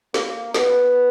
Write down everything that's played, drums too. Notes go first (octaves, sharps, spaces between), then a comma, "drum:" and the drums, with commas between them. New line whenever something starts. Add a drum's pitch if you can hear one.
A#3, drum: snare
B3, drum: snare